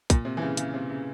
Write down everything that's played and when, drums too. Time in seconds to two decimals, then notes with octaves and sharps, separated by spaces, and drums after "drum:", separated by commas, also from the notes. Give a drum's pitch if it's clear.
0.10 A#2, drum: kick, hi-hat
0.25 C3
0.37 E3
0.42 C#3
0.57 C#3, drum: hi-hat
0.74 C3
0.90 C#3